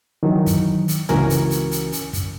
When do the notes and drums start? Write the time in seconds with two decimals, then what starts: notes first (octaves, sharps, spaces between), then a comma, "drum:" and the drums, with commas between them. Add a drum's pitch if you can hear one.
0.23 D#3 E3 F#3
0.46 drum: kick, hi-hat
0.88 drum: hi-hat
1.09 C#2 E3 C#4 F#4 A#4 G#5, drum: tom
1.30 drum: hi-hat
1.51 drum: hi-hat
1.71 drum: hi-hat
1.92 drum: hi-hat
2.13 drum: kick, hi-hat